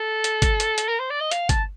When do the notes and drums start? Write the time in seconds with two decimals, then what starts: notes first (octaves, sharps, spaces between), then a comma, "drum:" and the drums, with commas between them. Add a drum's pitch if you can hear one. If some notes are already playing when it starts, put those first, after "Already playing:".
Already playing: A4
0.24 drum: hi-hat
0.42 drum: kick, hi-hat
0.60 drum: hi-hat
0.78 drum: hi-hat
0.88 A#4
0.99 C5
1.10 D5
1.21 D#5
1.31 F5, drum: hi-hat
1.49 A5, drum: kick, hi-hat